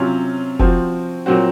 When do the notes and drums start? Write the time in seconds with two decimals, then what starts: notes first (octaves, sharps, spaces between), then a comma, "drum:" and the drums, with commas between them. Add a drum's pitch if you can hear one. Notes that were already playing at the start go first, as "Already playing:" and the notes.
Already playing: C3 F#3 C#4 F4
0.59 F3 C4 F#4, drum: kick F1
1.26 A#2 F#3 C4 F#4